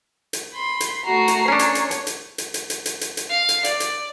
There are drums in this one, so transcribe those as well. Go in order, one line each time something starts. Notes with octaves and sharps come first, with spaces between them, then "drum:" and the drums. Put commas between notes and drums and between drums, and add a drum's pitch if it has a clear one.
drum: hi-hat
B5 C6
drum: hi-hat
A3 F#4 A#5 C7
drum: hi-hat
C#4 D4 C#5
drum: hi-hat
drum: hi-hat
drum: hi-hat
drum: hi-hat
drum: hi-hat
drum: hi-hat
drum: hi-hat
drum: hi-hat
drum: hi-hat
drum: hi-hat
F5
drum: hi-hat
D5, drum: hi-hat
drum: hi-hat